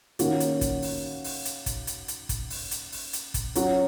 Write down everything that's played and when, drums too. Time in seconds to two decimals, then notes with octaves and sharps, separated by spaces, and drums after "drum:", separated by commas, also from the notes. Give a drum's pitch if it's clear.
0.19 D#3 A#3 C#4 F#4, drum: hi-hat
0.40 drum: hi-hat
0.61 drum: kick, hi-hat
0.82 drum: open hi-hat
1.24 drum: open hi-hat
1.45 drum: hi-hat
1.66 drum: kick, hi-hat
1.87 drum: hi-hat
2.08 drum: hi-hat
2.29 drum: kick, hi-hat
2.50 drum: open hi-hat
2.71 drum: hi-hat
2.92 drum: open hi-hat
3.13 drum: hi-hat
3.34 drum: kick, hi-hat
3.55 F#3 C#4 F#4, drum: hi-hat